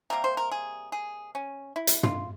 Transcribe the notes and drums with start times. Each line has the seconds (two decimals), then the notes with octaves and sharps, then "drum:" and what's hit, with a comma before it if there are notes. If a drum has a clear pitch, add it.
0.10 C3 G3 A#3 A#4
0.24 C5
0.37 A#4
0.51 G#4
0.92 G#4
1.35 C#4
1.76 E4
1.87 drum: hi-hat
2.03 F4, drum: tom